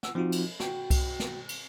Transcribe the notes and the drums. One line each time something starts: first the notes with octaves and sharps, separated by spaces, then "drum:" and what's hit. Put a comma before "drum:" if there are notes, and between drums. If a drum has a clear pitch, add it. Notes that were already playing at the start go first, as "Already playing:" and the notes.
F#5 E6, drum: snare
F3 C4 D#4 F4 F#4
drum: cymbal
F#4 G5, drum: snare
drum: kick C2, cymbal
drum: snare
drum: cymbal